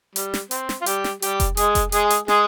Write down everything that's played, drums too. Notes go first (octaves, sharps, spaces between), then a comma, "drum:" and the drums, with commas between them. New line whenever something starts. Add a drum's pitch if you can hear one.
G3, drum: hi-hat
drum: snare
C4, drum: hi-hat
drum: snare
F4
G3 G4, drum: hi-hat
drum: snare
G3 G4, drum: hi-hat
drum: kick F1, hi-hat
G#3 G#4, drum: hi-hat
drum: kick F1, hi-hat
G#3 G#4, drum: hi-hat
drum: hi-hat
G#3 G#4, drum: snare